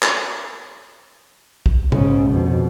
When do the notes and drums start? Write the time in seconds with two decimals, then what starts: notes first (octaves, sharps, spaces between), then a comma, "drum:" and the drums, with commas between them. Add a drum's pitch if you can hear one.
0.02 drum: clap
1.66 drum: kick B1
1.92 G#2 C#3, drum: tom A#2
2.30 F2 B2